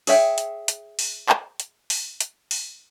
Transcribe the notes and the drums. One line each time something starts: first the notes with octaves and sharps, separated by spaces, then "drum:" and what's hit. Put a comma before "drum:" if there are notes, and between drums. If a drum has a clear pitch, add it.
G#4 C#5 E5 G5, drum: open hi-hat
drum: hi-hat
drum: hi-hat
drum: open hi-hat
drum: clap
drum: hi-hat
drum: open hi-hat
drum: hi-hat
drum: open hi-hat